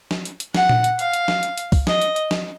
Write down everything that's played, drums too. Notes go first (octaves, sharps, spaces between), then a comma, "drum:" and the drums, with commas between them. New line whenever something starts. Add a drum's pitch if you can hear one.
drum: snare
drum: hi-hat
drum: hi-hat
F#5, drum: snare
drum: tom A#2
drum: hi-hat
F5, drum: hi-hat
drum: hi-hat
drum: snare
drum: hi-hat
drum: hi-hat
drum: kick, open hi-hat
D#5, drum: snare
drum: hi-hat
drum: hi-hat
drum: snare